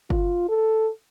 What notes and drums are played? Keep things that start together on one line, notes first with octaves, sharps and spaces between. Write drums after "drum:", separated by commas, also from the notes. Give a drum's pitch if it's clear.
F4, drum: kick G1
A4